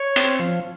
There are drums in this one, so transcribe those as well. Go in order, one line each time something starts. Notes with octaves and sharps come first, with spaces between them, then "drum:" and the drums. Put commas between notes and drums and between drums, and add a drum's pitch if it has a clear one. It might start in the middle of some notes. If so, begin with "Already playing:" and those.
Already playing: C#5
C4, drum: hi-hat
F3